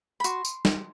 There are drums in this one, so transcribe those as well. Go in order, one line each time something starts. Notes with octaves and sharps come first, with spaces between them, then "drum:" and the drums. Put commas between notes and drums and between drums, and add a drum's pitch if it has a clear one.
B5
F#4 C6, drum: tambourine
drum: tambourine
drum: snare